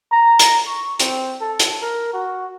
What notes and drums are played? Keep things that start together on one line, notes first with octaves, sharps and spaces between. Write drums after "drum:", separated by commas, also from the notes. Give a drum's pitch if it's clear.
A#5
drum: hi-hat
C#6
C4, drum: hi-hat
A4
drum: hi-hat
A#4
F#4